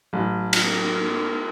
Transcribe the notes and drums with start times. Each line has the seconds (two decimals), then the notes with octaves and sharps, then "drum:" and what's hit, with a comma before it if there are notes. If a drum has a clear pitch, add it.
0.13 A1 F#3
0.53 drum: cymbal